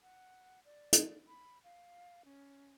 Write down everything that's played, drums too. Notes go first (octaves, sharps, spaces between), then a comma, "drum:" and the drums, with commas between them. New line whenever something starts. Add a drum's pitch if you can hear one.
F#5
D5
drum: hi-hat
B5
F5
C#4